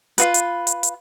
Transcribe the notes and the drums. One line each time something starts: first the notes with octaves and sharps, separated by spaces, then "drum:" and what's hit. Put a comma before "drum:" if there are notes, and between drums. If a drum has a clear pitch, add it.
F4 F#4 B4, drum: hi-hat
drum: hi-hat
drum: hi-hat
drum: hi-hat